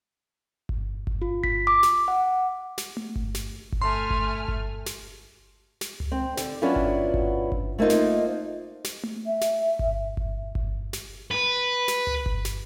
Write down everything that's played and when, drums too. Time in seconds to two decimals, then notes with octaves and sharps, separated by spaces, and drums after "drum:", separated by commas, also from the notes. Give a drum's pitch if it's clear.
0.69 drum: kick G1
1.07 drum: kick G1
1.22 F4
1.44 B6, drum: kick G1
1.67 D6
1.83 drum: snare
2.08 F#5
2.78 drum: snare
2.97 drum: tom A3
3.16 drum: kick G1
3.35 drum: snare
3.72 drum: kick G1
3.82 A3 G#5 C6 F6
4.10 drum: kick G1
4.48 drum: kick G1
4.86 drum: snare
5.81 drum: snare
6.00 drum: tom C#2
6.12 C4
6.37 D3, drum: snare
6.62 F#3 B3 C#4 D4 E4 F4
6.76 drum: kick G1
7.14 drum: kick G1
7.52 drum: kick G1
7.78 A3 A#3 C4 D#4 F4
7.90 drum: snare
8.84 drum: snare
9.03 drum: tom A3
9.26 E5
9.41 drum: snare
9.79 drum: kick G1
10.17 drum: kick G1
10.55 drum: kick G1
10.93 drum: snare
11.31 B4
11.88 drum: snare
12.07 drum: tom C#2
12.26 drum: kick G1
12.45 drum: snare